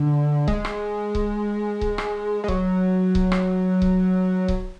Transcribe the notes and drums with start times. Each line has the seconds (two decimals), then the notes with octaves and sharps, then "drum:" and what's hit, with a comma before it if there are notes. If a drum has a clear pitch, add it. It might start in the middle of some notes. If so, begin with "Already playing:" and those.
Already playing: D3
0.48 G#3, drum: kick C#1
0.65 drum: rim click
1.15 drum: kick C#1
1.81 drum: kick C#1
1.98 drum: rim click
2.44 G#3
2.48 F#3, drum: kick C#1
3.15 drum: kick C#1
3.32 drum: rim click
3.82 drum: kick C#1
4.48 drum: kick C#1